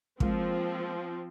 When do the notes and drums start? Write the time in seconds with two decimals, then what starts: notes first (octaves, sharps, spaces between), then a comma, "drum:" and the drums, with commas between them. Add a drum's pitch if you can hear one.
0.20 F3 G#3 A#3 C4 F4, drum: kick